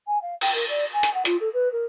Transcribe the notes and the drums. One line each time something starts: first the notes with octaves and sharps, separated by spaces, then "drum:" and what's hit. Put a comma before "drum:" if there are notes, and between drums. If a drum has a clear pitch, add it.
G#5
F5
G5, drum: cymbal
A#4
D5
G#5
drum: hi-hat
F#5
F4, drum: hi-hat
A4
B4
A#4